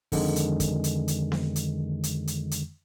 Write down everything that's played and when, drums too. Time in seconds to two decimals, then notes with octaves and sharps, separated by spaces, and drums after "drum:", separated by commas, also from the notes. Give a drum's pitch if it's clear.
0.12 F2 D3 D#3 G#3, drum: kick, open hi-hat
0.36 drum: hi-hat
0.60 drum: kick, hi-hat
0.84 drum: hi-hat
1.08 drum: hi-hat
1.32 drum: snare B3
1.56 drum: hi-hat
2.04 drum: hi-hat
2.27 drum: hi-hat
2.51 drum: hi-hat